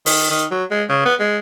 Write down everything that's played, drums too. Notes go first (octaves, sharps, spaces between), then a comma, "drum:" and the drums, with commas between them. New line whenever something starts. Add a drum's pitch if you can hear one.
D#3, drum: open hi-hat
D#3
F#3
G#3
C#3
B3
G#3